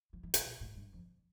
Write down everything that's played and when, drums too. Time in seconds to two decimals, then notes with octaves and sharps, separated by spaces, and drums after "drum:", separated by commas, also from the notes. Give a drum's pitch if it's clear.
0.13 F3
0.23 E3
0.34 C3, drum: hi-hat
0.45 A#2
0.60 A2
0.76 G2
0.93 F2